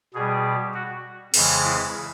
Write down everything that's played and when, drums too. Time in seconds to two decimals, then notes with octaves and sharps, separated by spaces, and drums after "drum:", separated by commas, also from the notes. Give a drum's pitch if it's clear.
0.14 B2 G3 G#4
0.74 F#4
1.34 F2 C#3 E3 G#3, drum: open hi-hat
1.63 E4